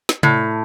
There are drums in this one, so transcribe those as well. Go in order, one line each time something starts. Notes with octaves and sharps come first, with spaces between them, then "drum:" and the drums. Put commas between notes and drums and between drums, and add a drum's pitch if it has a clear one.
drum: snare
A2, drum: tom C3